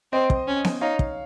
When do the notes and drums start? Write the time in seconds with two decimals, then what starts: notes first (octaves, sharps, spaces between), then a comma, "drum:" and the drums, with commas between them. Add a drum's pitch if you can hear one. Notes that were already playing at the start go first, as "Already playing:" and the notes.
0.13 C4 C5 D#5
0.30 drum: kick
0.47 C#4
0.64 drum: snare B3
0.81 D#4 C#5 F5
0.99 drum: kick